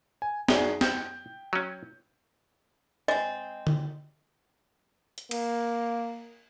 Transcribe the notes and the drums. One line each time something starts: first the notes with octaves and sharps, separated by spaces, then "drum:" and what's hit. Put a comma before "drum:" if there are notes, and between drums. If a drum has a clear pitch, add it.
G#5
F#2 D#4 F#4 G#4 D5 G7, drum: snare
G5 G6, drum: snare
F#3 C#4
G#3 C4 D#5
drum: tom D3
drum: hi-hat
A#3, drum: cymbal